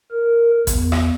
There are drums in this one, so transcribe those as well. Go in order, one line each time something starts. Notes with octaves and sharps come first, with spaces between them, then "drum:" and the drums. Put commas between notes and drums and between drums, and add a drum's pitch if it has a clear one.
A#4
E2, drum: kick A1, hi-hat
drum: rim click